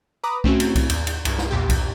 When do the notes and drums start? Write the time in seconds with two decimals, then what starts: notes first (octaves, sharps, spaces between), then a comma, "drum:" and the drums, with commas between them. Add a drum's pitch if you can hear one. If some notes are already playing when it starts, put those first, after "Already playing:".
0.23 B4 A#5 B5 D6 D#6
0.44 A3 C4 C#4 E4 F#4, drum: kick C2
0.60 drum: cymbal
0.75 drum: kick C2, cymbal
0.90 D#2 G6, drum: cymbal
1.07 drum: cymbal
1.25 C2 G2, drum: cymbal
1.38 drum: snare
1.51 A#1 E2 A#2 G4
1.70 drum: kick C2, cymbal